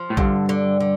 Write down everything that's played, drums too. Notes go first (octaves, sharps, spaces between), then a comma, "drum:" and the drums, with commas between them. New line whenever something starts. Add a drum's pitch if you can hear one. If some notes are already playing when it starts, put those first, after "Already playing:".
Already playing: F3
A2
G2 D3, drum: kick A#1
D3
D3